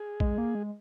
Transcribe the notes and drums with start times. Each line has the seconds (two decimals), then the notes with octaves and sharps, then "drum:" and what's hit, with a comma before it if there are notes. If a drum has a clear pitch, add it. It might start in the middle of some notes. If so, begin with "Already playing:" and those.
Already playing: G#4
0.20 G#3, drum: kick
0.38 A#3
0.55 G#3